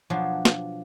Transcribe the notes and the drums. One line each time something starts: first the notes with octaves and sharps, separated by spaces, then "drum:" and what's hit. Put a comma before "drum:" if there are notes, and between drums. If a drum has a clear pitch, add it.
B2 F3 F#3 D4 G#4
drum: snare